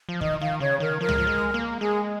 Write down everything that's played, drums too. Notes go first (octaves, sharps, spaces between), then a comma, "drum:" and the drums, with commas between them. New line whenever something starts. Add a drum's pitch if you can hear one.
F3
D#3 D#5, drum: kick
D#3 F5
C#3 C#5
D#3 A#4
F3 A#4
G#3, drum: tom C#2
F3
G#3
A#3
G#3 G#4